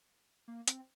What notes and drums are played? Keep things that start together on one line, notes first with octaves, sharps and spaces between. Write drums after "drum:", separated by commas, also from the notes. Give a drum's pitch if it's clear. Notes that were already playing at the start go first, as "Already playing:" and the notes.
A#3
C4, drum: hi-hat